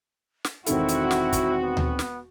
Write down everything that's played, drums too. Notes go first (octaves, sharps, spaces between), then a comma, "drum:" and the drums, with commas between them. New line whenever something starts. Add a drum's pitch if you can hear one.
drum: snare
E1 D#3 C4 E4 F#4 A4, drum: hi-hat
drum: hi-hat
drum: snare
drum: kick, hi-hat
B3
drum: tom D2
drum: snare